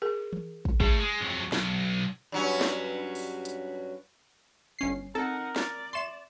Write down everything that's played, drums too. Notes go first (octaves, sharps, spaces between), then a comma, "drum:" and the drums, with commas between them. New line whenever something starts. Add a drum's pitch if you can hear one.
G#4 A#4
drum: tom E3
drum: kick
A2 G#4, drum: kick
G#3
F2 F#3
B1, drum: snare
G2 F#3 C#4
drum: snare
drum: open hi-hat
drum: hi-hat
G1 C#4 C7
C4 D#4 A4 A#4 F#5
D5, drum: snare
E5 C6 C#6 E7